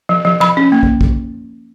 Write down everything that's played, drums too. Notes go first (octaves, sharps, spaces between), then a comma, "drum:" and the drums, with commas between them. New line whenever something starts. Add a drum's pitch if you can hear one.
F3
F3
F3 B5
C#4
A#3
drum: kick
drum: kick